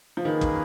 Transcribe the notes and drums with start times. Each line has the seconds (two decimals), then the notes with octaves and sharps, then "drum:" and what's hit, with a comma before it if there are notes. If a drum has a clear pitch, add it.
0.17 F3
0.25 D#3 A#3 C#4 G#4 B4
0.41 drum: kick